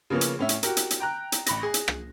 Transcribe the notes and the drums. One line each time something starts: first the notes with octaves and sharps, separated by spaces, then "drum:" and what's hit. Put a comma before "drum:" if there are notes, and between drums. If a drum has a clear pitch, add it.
C#3 F3 A#3 B3 C#4
drum: hi-hat
A2 C#4 E5
drum: hi-hat
F#4 G4 A#4, drum: hi-hat
drum: hi-hat
drum: hi-hat
G5 A#5 F#6
drum: hi-hat
A1 B5 A#6, drum: hi-hat
G#4
drum: hi-hat
drum: rim click